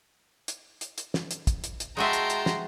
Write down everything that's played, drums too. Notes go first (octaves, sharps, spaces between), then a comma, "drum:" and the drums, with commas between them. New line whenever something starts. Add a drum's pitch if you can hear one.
drum: hi-hat
drum: hi-hat
drum: hi-hat
drum: snare
drum: hi-hat
drum: kick, hi-hat
drum: hi-hat
drum: hi-hat
G#3 F#4 E5 G5 A5 A#5 C6
drum: hi-hat
drum: hi-hat
drum: snare